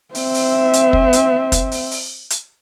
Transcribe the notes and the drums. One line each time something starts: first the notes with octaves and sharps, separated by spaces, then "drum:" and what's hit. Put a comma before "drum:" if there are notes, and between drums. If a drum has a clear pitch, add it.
C4 E5, drum: open hi-hat
drum: open hi-hat
drum: hi-hat
drum: kick
drum: hi-hat
drum: kick, hi-hat
drum: open hi-hat
drum: open hi-hat
drum: hi-hat